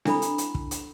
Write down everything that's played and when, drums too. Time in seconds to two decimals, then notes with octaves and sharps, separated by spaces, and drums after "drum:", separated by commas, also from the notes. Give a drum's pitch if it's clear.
0.05 D4 E4 A4 B5, drum: snare C4
0.22 drum: hi-hat
0.38 drum: hi-hat
0.55 drum: kick
0.71 drum: hi-hat